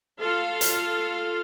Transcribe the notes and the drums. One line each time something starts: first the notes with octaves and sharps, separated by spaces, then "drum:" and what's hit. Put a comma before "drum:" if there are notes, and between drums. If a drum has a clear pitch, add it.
F4 A4 F5
drum: hi-hat